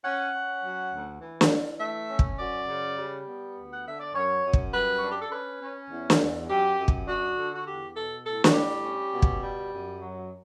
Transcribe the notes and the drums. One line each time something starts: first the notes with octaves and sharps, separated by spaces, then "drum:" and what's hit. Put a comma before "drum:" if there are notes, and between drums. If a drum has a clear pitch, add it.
C#4 F#5
C#4
F#3
D2
E3
drum: snare
E3
A3 E5
C#4
drum: kick
F#2 D5
C#3
G3
B3
D2
F#5
D3 E5
D5
F#2 C#5
F#2
drum: kick
G3 B4
D4 F#4
G4
A4
C#4 B4
C#4
E2
drum: snare
E2
F#2 G4
F#2
drum: kick
D4 F#4
D3
F#4
E2 G4
B2 A4
A2 A4
F#4, drum: snare
G3 G4
C#4
B2
drum: kick
G3
F#2
F#3